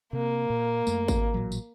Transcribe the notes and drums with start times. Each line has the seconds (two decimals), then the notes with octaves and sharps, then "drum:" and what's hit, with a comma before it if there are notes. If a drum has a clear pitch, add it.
0.13 C3 A#3
0.50 A#2
0.87 F#2 A3, drum: tambourine
1.08 drum: kick G#1, tambourine
1.34 A1 A#2 F#3
1.52 drum: tambourine